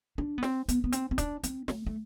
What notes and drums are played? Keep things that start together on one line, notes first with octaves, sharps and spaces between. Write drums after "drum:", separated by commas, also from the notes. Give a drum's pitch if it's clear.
D4
B3
C4, drum: snare
B3, drum: hi-hat
B3
C4, drum: hi-hat
C4
D4, drum: kick, hi-hat
C4, drum: hi-hat
A3, drum: snare
A3